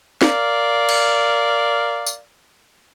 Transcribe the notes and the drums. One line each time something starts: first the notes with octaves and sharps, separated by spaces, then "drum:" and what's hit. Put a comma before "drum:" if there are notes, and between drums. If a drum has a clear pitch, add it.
A#4 D5 F5, drum: snare
drum: cymbal
drum: tambourine